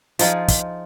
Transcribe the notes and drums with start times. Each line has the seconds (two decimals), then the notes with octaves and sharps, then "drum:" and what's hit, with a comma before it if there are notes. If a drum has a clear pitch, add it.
0.19 F3 D#4 F4 G#4, drum: hi-hat
0.48 drum: kick, hi-hat